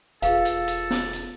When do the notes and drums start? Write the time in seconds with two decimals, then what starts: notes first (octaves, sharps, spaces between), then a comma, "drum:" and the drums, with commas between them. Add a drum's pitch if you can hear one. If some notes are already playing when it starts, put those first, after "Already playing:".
0.22 E1 F4 G#4 A4 B4 F5, drum: hi-hat
0.45 drum: hi-hat
0.68 drum: hi-hat
0.90 drum: snare
1.13 drum: hi-hat